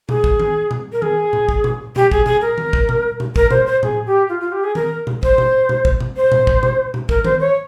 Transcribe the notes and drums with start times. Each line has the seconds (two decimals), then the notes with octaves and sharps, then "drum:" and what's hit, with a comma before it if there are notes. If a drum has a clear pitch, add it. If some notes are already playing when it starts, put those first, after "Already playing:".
0.09 G#4, drum: tom A#2
0.24 drum: kick
0.39 drum: tom D#3
0.71 drum: tom A#2
0.93 A#4
1.02 G#4, drum: tom D#3
1.33 drum: tom A2
1.49 drum: kick
1.64 drum: tom A#2
1.96 G4, drum: tom A#2
2.12 G#4, drum: kick
2.26 G#4, drum: tom A#2
2.41 A#4
2.58 drum: tom D#3
2.73 drum: kick
2.89 drum: tom A#2
3.20 drum: tom A#2
3.36 A#4, drum: kick
3.51 C5, drum: tom A#2
3.66 C5
3.83 G#4, drum: tom A2
4.06 G4
4.29 F4
4.40 F4
4.52 G4
4.64 G#4
4.75 A#4, drum: tom D#3
5.07 drum: tom A#2
5.23 C5, drum: kick
5.38 drum: tom A#2
5.69 drum: tom A#2
5.85 drum: kick
6.00 drum: tom A#2
6.17 C5
6.32 drum: tom A2
6.47 drum: kick
6.63 drum: tom A#2
6.94 drum: tom A#2
7.09 A#4, drum: kick
7.25 C5, drum: tom D#3
7.40 C#5